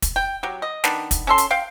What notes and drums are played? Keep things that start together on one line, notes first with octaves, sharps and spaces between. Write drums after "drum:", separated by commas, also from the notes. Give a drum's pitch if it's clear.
drum: kick, hi-hat
G5
F#3 G4
D#5
D#3 B3 D4, drum: snare
drum: kick, hi-hat
C#4 A4 C6
drum: hi-hat
F5 G5